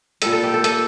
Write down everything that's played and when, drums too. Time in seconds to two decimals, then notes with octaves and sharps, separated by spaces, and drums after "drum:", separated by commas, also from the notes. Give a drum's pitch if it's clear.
0.22 A#2 G3 A4, drum: hi-hat
0.32 A4
0.43 G4
0.54 A4
0.64 A4, drum: hi-hat